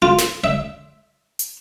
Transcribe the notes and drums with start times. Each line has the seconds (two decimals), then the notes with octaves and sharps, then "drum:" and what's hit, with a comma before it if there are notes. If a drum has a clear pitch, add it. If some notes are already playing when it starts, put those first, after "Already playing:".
0.02 F4
0.18 drum: snare
0.44 E5
1.39 drum: hi-hat